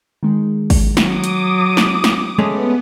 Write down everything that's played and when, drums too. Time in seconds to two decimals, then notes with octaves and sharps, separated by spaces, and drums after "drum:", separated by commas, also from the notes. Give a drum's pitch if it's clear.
0.23 D#3 G#3
0.70 drum: kick, open hi-hat
0.97 F#3 D6 D#6, drum: snare
1.24 drum: hi-hat
1.77 drum: snare
2.04 drum: snare
2.39 G#3 A3 B3 C#4